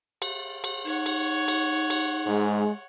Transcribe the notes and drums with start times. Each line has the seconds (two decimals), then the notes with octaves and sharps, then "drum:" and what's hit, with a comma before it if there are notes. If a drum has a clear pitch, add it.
0.22 drum: cymbal
0.64 drum: cymbal
0.85 D#4 C#5 F#5
1.06 drum: cymbal
1.48 drum: cymbal
1.90 drum: cymbal
2.26 G#2 G#3